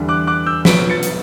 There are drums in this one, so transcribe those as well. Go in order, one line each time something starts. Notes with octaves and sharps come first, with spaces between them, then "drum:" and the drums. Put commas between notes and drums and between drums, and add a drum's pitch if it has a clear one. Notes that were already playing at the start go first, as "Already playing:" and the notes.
Already playing: E2 D3 G3
D6 F#6
D6 F#6
E6 G6
B2 F#3 B3 B6 D7, drum: snare
A6 C#7
drum: hi-hat